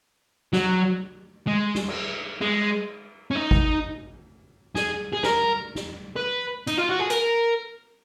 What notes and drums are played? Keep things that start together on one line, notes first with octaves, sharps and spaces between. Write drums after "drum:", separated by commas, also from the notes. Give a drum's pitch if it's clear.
F#3, drum: snare
G#3
drum: snare
drum: cymbal
G#3
C#4
D#4
drum: kick G#1
G#4, drum: snare
G#4
A#4, drum: snare
drum: snare
B4
D#4, drum: hi-hat
F4
F#4
G#4
A#4, drum: hi-hat